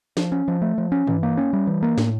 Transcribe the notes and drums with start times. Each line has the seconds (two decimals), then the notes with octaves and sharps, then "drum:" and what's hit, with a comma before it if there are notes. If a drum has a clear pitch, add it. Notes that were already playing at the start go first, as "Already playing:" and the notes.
0.17 F3, drum: snare
0.32 C#4
0.48 F3
0.62 A3
0.78 F3
0.92 C#4
1.07 E3, drum: tom G2
1.23 A#3
1.37 C#4
1.53 G3
1.67 E3
1.83 A#3
1.98 A2, drum: snare